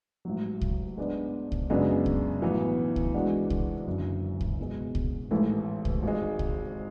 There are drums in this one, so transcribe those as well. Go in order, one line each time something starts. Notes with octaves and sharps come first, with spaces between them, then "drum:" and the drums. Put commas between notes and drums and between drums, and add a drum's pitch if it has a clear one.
A1 G#2 F#3
drum: kick C2
G#2 G#3 B3 D4
drum: kick C2
F#2 C#3 G#3 B3 D4
drum: kick C2
B1 A2 E3 B3
drum: kick C2
G#2 E3 G#3 D4 F#4
drum: kick C2
F#1 F#2 D3
drum: kick C2
E2 B2 G#3
drum: kick C2
A1 G#2 E3 A3 E4
drum: kick C2
G#1 G#2 G#3
drum: kick C2